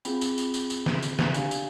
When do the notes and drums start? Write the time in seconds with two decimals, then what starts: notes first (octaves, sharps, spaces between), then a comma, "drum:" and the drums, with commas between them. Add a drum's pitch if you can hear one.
0.05 C4 F4 G#4 G5 B5, drum: tambourine
0.21 drum: tambourine
0.38 drum: tambourine
0.54 drum: tambourine
0.70 drum: tambourine
0.86 drum: snare
1.02 drum: tambourine
1.19 drum: snare
1.34 D4 G4 F5 G#5, drum: tambourine
1.51 drum: tambourine